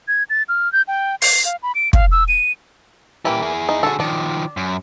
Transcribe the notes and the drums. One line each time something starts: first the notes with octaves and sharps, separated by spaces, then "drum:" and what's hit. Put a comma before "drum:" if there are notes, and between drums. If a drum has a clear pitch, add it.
G#6
A6
F6
G6
G5
C7, drum: open hi-hat
F5
B5
D7
F5, drum: kick
E6
D#7
A#2 E3 A#3 G4
E4 G#4
D#4
D3 F#4 G#4 A4
D#3 F3 D4
F#2